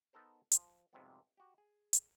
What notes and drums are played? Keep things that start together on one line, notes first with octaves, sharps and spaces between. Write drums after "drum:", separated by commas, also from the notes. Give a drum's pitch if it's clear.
B3 D#4 A4 A#4 C5
F3, drum: hi-hat
F2 G#2 C3 F#3 G3 B3
F#4 G4
G#4
drum: hi-hat